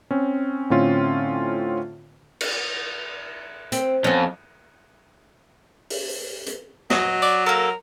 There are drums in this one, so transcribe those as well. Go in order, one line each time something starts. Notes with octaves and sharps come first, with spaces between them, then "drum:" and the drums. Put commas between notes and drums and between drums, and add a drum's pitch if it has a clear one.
C4 C#4
A2 D3 C4 C#4 F4
drum: cymbal
C4, drum: hi-hat
F2 B3 C#4
drum: open hi-hat
drum: hi-hat
F#3 D#5, drum: snare
D5, drum: tambourine
A#3 A4 A#4